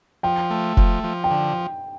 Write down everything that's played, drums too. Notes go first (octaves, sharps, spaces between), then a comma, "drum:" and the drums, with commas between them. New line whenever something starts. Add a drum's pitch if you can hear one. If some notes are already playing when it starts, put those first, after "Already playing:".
F3 G5
A3
F3, drum: kick F1
F3
G5
D3